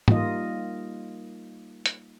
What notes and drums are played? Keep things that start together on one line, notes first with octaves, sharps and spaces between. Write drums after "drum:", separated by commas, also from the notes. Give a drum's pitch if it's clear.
G3 A#3 D#4 F4 D#5, drum: tom G#2
drum: hi-hat